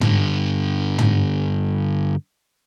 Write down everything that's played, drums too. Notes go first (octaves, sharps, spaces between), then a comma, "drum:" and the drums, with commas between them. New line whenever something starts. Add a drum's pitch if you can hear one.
G2 D3, drum: tom
drum: tom